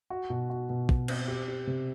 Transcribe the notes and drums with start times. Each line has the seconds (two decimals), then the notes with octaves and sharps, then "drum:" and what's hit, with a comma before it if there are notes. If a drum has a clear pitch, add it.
0.10 F#4
0.30 B2
0.50 F#4
0.70 B2
0.89 B2, drum: kick
1.08 C4, drum: cymbal
1.28 G4
1.48 G4
1.67 C3